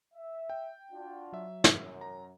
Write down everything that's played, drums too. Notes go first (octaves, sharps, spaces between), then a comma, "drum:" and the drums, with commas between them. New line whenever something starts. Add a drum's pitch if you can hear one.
E5
G5
D4 F4 F#4
F#3 E5
F#2, drum: snare
A#5